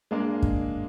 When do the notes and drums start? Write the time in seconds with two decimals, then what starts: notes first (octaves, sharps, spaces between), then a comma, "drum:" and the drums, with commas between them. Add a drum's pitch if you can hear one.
0.11 G#3 A#3 D4
0.42 drum: kick